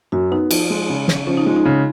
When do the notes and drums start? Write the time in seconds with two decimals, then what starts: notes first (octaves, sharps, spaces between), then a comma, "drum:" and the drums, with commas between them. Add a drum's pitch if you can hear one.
0.12 F#2 F#4
0.31 B3 D#4
0.51 F3, drum: cymbal
0.70 G#3
0.89 C#3
1.08 C#3, drum: snare
1.27 F3 C#4
1.37 D#4
1.46 G#3 F4
1.56 D#4
1.65 C#3